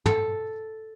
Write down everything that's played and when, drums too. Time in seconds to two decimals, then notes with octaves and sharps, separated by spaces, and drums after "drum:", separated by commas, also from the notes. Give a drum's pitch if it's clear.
0.06 A4, drum: tom